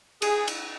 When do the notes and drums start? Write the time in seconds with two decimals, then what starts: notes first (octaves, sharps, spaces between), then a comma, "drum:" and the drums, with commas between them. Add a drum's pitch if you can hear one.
0.22 G#4, drum: cymbal
0.48 drum: cymbal